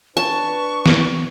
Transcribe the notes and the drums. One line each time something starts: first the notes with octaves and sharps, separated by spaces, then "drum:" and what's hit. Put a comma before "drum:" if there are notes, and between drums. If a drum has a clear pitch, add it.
D4 B4 A5 C#6
drum: snare